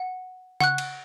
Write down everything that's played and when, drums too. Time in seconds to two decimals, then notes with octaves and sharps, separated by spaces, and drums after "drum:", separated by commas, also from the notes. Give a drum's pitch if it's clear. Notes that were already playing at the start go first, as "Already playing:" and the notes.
Already playing: F#5
0.60 F#5 C#6 F#6, drum: tom C#3
0.78 drum: cymbal